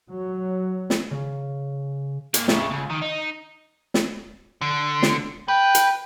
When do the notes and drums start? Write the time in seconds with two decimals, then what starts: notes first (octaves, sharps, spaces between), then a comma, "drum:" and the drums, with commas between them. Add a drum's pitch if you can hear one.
0.11 F#3
0.90 drum: snare
1.10 C#3
2.34 G#2 A#3, drum: hi-hat
2.48 A2 C#3, drum: snare
2.70 C#2
2.90 D#3
3.02 D#4
3.94 drum: snare
4.61 D3
5.03 drum: snare
5.48 B4 G5
5.75 drum: hi-hat